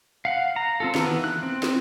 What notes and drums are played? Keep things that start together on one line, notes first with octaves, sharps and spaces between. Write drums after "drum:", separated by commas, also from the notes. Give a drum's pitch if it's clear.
F5 F#5
A#5
C4 F4 A4
D#3 E3 B3, drum: snare
F#6
C4
drum: snare